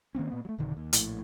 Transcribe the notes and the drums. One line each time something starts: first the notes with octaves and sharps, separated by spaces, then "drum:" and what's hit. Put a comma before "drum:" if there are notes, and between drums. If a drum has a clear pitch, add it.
D#3 A#3 C4 C#4
A#2 B3
F#3 A3
F1 B2 D3 D#3
D#2
A#1 A2, drum: hi-hat